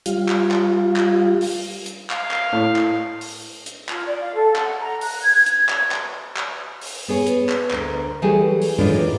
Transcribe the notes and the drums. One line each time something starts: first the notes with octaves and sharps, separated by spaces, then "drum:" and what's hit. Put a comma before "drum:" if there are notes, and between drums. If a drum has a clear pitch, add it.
G3 F4, drum: hi-hat
drum: clap
drum: clap
drum: clap
drum: open hi-hat
drum: hi-hat
F5, drum: clap
drum: clap
A2
drum: clap
drum: open hi-hat
drum: hi-hat
F4, drum: clap
D5
F5
A4
F#5, drum: clap
A#5
F#6, drum: open hi-hat
G#6
drum: hi-hat
drum: clap
drum: clap
drum: clap
drum: open hi-hat
B3 G#4 C#5
drum: hi-hat
drum: clap
D2 A#4, drum: clap
E3 F#3 G3 A3 G4 G#4
drum: open hi-hat
A2 D#3 E3 G#3 D4 F4